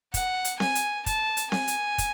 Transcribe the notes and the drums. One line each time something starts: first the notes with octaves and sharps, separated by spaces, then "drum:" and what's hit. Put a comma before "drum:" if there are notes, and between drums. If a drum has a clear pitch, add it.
F#5, drum: kick, hi-hat
drum: hi-hat
G#5, drum: snare C4
drum: hi-hat
A5, drum: kick, hi-hat
drum: hi-hat
G#5, drum: snare C4
drum: hi-hat
drum: kick, hi-hat